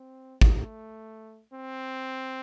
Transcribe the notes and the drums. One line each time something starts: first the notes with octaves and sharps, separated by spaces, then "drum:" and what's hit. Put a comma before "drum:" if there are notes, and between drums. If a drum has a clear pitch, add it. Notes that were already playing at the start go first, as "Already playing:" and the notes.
Already playing: C4
A3, drum: kick G#1
C4